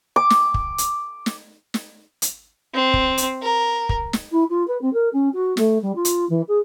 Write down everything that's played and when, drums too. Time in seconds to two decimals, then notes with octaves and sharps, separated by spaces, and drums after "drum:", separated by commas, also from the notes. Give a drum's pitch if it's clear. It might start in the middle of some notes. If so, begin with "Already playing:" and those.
0.16 D6
0.30 drum: snare
0.54 drum: kick
0.78 drum: hi-hat
1.26 drum: snare
1.74 drum: snare
2.22 drum: hi-hat
2.74 C4
2.94 drum: kick
3.18 drum: hi-hat
3.42 A#4
3.89 drum: kick
4.13 drum: snare
4.31 E4
4.49 F4
4.67 B4
4.81 C4
4.93 A#4
5.12 C#4
5.33 F#4
5.57 A3, drum: snare
5.82 G3
5.95 F4
6.05 drum: hi-hat
6.29 E3
6.48 G#4